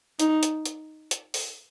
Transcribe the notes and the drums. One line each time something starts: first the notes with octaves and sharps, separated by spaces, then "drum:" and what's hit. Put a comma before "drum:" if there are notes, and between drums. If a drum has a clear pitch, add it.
D#4, drum: hi-hat
drum: hi-hat
drum: hi-hat
drum: hi-hat
drum: open hi-hat